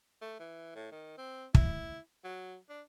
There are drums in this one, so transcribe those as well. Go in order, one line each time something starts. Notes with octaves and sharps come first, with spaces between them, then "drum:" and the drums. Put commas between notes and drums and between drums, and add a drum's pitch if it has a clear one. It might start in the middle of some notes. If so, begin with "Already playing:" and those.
A3
E3
A2
D#3
C4
E4, drum: kick
F#3
D4